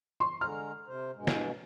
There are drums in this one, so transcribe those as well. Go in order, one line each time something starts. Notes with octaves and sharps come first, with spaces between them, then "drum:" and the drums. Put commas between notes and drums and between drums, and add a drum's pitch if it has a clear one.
C6 C#6
D3 G#3 A#5 F6
C3 C5
G2 B2 G#3
drum: snare